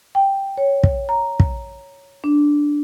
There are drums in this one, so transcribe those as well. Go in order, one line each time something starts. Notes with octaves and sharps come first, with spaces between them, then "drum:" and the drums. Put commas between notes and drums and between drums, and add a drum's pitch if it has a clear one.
G5
C#5
drum: kick
A#5
drum: kick
D4